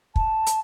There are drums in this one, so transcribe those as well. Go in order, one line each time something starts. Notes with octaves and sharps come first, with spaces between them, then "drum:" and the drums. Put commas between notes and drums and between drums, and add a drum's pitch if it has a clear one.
A5, drum: kick
drum: hi-hat